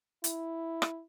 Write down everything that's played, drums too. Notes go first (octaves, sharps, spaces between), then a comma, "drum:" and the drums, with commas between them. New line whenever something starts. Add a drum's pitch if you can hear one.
E4, drum: hi-hat
drum: rim click